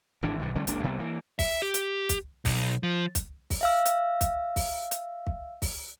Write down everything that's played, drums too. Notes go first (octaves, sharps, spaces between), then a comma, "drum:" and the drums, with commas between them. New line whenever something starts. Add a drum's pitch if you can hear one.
G#1 A2 E3 D4
B1 G2 D#3
D3 G3 A3 C#4
F#1 C#2 A#3 D4, drum: hi-hat
C2 C3 G3 B3
E3 A#3
E5, drum: kick, open hi-hat
G4
drum: hi-hat
drum: kick, hi-hat
B1, drum: kick, open hi-hat
F3
drum: kick, hi-hat
drum: kick, open hi-hat
E5 F5 E6
drum: hi-hat
drum: kick, hi-hat
drum: kick, open hi-hat
drum: hi-hat
drum: kick
drum: kick, open hi-hat